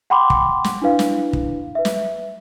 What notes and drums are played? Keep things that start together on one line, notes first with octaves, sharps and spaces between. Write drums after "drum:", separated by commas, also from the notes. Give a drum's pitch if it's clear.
F#5 G5 B5 C6 D6
drum: kick
drum: snare
D4 E4 B4 F5
drum: snare
drum: kick
B4 E5
drum: snare